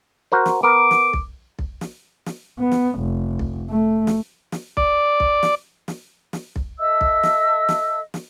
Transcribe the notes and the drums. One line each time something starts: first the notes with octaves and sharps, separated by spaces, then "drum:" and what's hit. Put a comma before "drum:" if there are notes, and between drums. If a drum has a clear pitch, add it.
F#4 A#4 C5
drum: snare
B3 A#4 D6
drum: snare
drum: kick B1
drum: kick B1
drum: snare
drum: snare
B3
drum: snare
F1
drum: kick B1
A3
drum: snare
drum: snare
D5, drum: kick B1
drum: kick B1
drum: snare
drum: snare
drum: snare
drum: kick B1
A4 D#5 E5 E6
drum: kick B1
drum: snare
drum: snare
drum: snare